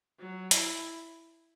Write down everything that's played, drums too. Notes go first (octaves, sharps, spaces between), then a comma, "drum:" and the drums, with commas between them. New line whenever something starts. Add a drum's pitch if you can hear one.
F#3
E4, drum: hi-hat